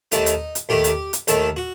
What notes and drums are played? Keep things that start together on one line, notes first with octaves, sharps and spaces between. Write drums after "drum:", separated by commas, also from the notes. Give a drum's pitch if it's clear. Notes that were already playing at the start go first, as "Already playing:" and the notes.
D#2 D#3 A3 D#4, drum: hi-hat
drum: hi-hat
drum: hi-hat
D#2 D#3 A3 G4
drum: hi-hat
drum: hi-hat
D#2 D#3 A3 A4, drum: hi-hat
F#4